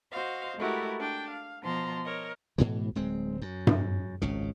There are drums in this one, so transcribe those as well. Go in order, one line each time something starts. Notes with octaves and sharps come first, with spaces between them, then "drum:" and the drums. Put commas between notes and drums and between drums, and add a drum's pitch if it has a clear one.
F#4 C5 D#5 F5
G#3 A3 E4 F#4 G4 A#4
D4 G5
F5
B2 F3 A5 A#5 C6
A#4 C#5 D#5
G#2 B2 E3
D1 G#3 C4
F#2
drum: tom G2
G#1 C#2 C#3